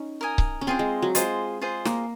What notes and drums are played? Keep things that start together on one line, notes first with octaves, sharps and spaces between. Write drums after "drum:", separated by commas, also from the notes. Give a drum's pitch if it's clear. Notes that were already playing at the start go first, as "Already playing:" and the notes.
Already playing: C#4 D#4
A#4 D#5 G#5
drum: kick C#1
C#4
C4 F4 G#4 C5
G#3
F#3
G#3 F4 G#4 C5, drum: hi-hat
F4 G#4 C5
A#3, drum: snare